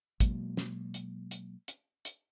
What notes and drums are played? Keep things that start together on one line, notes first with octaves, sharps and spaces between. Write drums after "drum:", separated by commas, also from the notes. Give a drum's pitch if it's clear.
B2 F#3 G#3 A#3, drum: kick, hi-hat
drum: snare
drum: hi-hat
drum: hi-hat
drum: hi-hat
drum: hi-hat